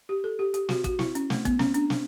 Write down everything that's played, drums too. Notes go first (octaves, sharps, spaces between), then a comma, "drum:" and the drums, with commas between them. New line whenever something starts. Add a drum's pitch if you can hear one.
G4
A4
G4
G4, drum: hi-hat
F#4, drum: snare
F#4, drum: kick, hi-hat
E4, drum: snare
C#4, drum: hi-hat
A3, drum: snare
B3, drum: kick, hi-hat
C#4, drum: snare
D4, drum: hi-hat
drum: snare